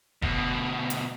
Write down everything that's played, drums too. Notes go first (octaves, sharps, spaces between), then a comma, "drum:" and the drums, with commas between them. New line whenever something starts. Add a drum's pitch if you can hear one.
D2 B2, drum: kick
drum: hi-hat